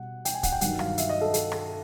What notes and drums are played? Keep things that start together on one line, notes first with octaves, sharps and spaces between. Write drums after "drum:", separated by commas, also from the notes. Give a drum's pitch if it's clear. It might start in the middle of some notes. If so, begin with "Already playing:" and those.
Already playing: B2 G3 F#5
G5, drum: hi-hat
G#5
F#5, drum: kick, hi-hat
G5
G2 D#3 F#3 F#5, drum: hi-hat
F5, drum: rim click
E5, drum: hi-hat
D#5
A4
A4, drum: hi-hat
drum: rim click